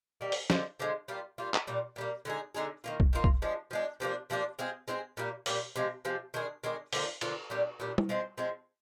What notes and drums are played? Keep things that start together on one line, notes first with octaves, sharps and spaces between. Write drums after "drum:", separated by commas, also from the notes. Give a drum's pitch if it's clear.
D#3 G3 A#3
drum: open hi-hat
D3 F3 G#3, drum: snare
D3 F3 G#3
G3 A#3 F4
G3 A#3 F4
drum: clap
A#2 G3 A#3
A#2 G3 A#3
D3 G#3 D#4 G#4
D3 G#3 D#4 G#4
D#3 A#3 F4
drum: kick B1
D#3 A#3 F4
drum: kick B1
F3 G#3 D4
F3 G#3 D4
C3 F3 A#3 D4
C3 F3 A#3 D4
G#3 C4 F4 G#4
G#3 C4 F4 G#4
A#2 G3 A#3
A#2 G3 A#3, drum: open hi-hat
C3 F3 G#3
C3 F3 G#3
D#3 G#3 D4 G#4
D#3 G#3 D4 G#4
D3 F3 A#3 F4, drum: open hi-hat
D3 F3 A#3 F4, drum: cymbal
A#2 G3 D4
A#2 G3 D4
drum: tom G3
F3 G#3 C4
F3 G#3 C4